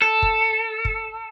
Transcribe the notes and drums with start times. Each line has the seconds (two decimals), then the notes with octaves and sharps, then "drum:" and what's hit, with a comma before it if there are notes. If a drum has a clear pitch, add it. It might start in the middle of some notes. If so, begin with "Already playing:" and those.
0.02 A4
0.22 drum: kick
0.85 drum: kick